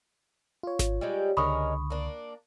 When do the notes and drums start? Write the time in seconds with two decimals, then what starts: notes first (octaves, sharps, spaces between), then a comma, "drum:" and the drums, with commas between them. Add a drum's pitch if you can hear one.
0.63 F4 C#5
0.79 drum: snare G#1
1.01 G3 G#3 G4
1.37 C#2 D3 G#3 C#4 A#4 B5 C#6 D#6
1.90 A#3 D4